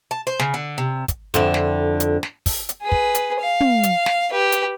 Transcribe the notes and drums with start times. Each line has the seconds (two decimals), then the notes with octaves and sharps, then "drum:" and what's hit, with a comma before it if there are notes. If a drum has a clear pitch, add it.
0.11 A5
0.27 C5
0.40 C#3, drum: snare
0.54 D3
0.78 C3
1.08 drum: kick, hi-hat
1.34 F2 D3 E4, drum: hi-hat
1.54 drum: snare
2.00 drum: hi-hat
2.23 drum: snare
2.46 drum: kick, open hi-hat
2.69 drum: hi-hat
2.82 G#4 B4
2.92 drum: kick
3.15 drum: hi-hat
3.41 F5
3.60 drum: tom
3.83 drum: hi-hat
4.06 drum: snare
4.32 G4 B4
4.52 drum: hi-hat